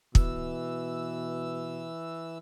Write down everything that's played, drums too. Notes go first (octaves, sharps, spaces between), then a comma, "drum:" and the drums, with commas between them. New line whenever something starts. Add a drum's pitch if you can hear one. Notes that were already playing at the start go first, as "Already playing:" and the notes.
B2 E3 E6, drum: kick